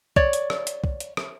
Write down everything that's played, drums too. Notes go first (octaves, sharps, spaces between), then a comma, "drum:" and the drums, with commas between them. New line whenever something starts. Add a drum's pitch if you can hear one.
C#5 D5, drum: kick
drum: hi-hat
drum: rim click
drum: hi-hat
drum: kick
drum: hi-hat
drum: rim click